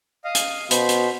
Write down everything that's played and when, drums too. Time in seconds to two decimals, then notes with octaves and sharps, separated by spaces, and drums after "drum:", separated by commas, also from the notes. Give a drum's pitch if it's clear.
0.24 D#5 F5
0.35 drum: hi-hat
0.71 B2 C5 B5, drum: hi-hat
0.89 drum: hi-hat